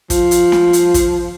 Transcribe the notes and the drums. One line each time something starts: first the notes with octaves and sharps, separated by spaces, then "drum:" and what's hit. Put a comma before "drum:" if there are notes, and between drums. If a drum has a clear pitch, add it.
F3, drum: kick, hi-hat
drum: hi-hat
drum: snare
drum: hi-hat
drum: kick, hi-hat